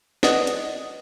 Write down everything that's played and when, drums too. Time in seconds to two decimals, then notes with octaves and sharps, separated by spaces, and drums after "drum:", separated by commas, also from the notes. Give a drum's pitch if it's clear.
0.23 B4 D5 D#5 F#5 D#6, drum: snare
0.47 drum: hi-hat